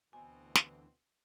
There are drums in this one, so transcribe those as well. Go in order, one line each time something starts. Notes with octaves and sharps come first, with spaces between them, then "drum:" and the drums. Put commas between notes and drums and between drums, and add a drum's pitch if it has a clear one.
D2 B2 D3 E3 C4 G#5
drum: snare